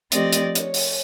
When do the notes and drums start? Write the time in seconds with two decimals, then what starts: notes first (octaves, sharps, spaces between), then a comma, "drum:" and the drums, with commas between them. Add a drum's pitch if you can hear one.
0.12 F3 A3 C4 G4 D5 D#5, drum: hi-hat
0.33 drum: hi-hat
0.55 C#5, drum: hi-hat
0.74 drum: open hi-hat